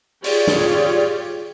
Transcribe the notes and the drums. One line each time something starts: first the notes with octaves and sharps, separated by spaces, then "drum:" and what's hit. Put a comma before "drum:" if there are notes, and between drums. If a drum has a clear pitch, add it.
F4 G4 G#4 C#5 D5, drum: open hi-hat
drum: snare